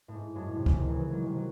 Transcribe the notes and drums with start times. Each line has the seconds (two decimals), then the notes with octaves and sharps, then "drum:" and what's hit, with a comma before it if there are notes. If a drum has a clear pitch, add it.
0.08 A2
0.14 G#2
0.35 F#2 A2
0.50 A2
0.56 G#2 C3
0.66 A2 C#3, drum: kick C#2
0.77 C3 D#3
0.88 C#3 E3
0.99 E3 G#3
1.12 D#3 F#3
1.26 C3 D#3
1.36 F#3